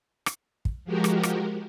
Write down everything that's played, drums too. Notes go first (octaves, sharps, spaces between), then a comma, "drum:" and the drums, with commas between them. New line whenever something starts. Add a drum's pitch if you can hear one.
drum: rim click
drum: kick
F3 G#3 F#4 G4 A#4
drum: rim click
drum: rim click